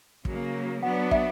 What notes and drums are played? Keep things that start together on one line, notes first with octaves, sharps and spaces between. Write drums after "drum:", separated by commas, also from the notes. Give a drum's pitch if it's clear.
C#3 F#3 A#3, drum: kick
F#3 B3 D4 F#5
E5, drum: kick